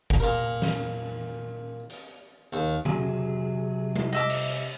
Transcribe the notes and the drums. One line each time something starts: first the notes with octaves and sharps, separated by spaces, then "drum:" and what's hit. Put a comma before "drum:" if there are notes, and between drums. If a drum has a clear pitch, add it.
drum: kick F#1
A#2 A#4
drum: snare
drum: hi-hat
D#2
C3 F#3 G#4, drum: tom C#3
drum: tom G3
D#5 E5 D6
drum: cymbal
drum: hi-hat